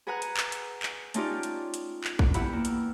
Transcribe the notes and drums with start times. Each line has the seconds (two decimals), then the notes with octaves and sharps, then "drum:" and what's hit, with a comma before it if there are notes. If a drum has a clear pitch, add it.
0.07 G#4 B4 F#5 G#5 A#5 F#6
0.22 drum: hi-hat
0.37 drum: clap
0.52 drum: hi-hat
0.83 drum: clap
1.14 A3 C#4 D#4 F4 G4 D5, drum: hi-hat
1.43 drum: hi-hat
1.74 drum: hi-hat
2.04 drum: clap
2.19 drum: kick
2.34 E2 E4 G4 F#5 B5 E6, drum: hi-hat
2.53 A#3
2.65 drum: hi-hat